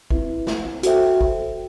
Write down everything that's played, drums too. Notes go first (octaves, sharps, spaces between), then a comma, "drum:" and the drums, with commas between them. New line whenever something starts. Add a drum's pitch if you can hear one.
C4 E4 B4 E5, drum: kick
drum: snare
F#4 A4 C5 E5 G5, drum: hi-hat
drum: kick